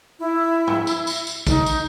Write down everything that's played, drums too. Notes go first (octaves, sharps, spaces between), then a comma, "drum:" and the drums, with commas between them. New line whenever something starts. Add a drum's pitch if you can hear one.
E4
drum: tom
drum: tambourine
drum: tambourine
drum: tambourine
D#4, drum: kick, tambourine
drum: tambourine